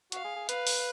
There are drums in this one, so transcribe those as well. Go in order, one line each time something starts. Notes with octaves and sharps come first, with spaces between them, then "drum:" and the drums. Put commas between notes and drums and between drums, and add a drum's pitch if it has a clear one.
F#4 F5, drum: hi-hat
G#4
G#4
B4 F5, drum: hi-hat
drum: open hi-hat